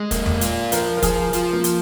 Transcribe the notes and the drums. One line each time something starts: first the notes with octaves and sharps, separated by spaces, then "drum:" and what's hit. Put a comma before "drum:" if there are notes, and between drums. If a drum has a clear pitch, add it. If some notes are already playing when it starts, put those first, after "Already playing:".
Already playing: G#3
A#3, drum: kick, hi-hat
drum: tom E2
F4, drum: hi-hat
F3 A#4, drum: hi-hat
A#4
F3 G#4, drum: kick, hi-hat
F3 F4, drum: hi-hat
A#3
drum: hi-hat